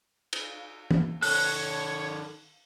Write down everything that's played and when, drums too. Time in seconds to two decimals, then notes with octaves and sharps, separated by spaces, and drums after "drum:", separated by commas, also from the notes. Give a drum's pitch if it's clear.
0.33 drum: cymbal
0.91 drum: tom
1.22 D#3 A4 C#5 F#6, drum: open hi-hat